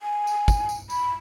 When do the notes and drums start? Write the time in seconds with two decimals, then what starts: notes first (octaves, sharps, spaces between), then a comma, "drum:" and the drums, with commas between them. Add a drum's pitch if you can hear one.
0.01 G#5
0.27 drum: tambourine
0.48 drum: kick, tambourine
0.69 drum: tambourine
0.90 B5, drum: tambourine